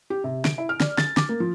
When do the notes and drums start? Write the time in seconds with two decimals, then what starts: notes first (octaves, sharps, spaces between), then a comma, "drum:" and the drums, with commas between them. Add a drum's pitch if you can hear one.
0.10 G4
0.24 C3
0.45 D7, drum: snare
0.58 E4
0.69 F6
0.80 D5, drum: snare
0.98 A6, drum: snare
1.17 D6, drum: snare
1.29 A#3
1.40 F3